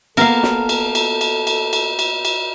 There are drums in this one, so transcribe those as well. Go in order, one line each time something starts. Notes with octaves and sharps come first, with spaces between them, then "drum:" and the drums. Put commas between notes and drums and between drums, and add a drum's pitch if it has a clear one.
A#3 B3 A4 A#4 F5, drum: cymbal
drum: snare
drum: cymbal
drum: cymbal
drum: cymbal
drum: cymbal
drum: cymbal
drum: cymbal
drum: cymbal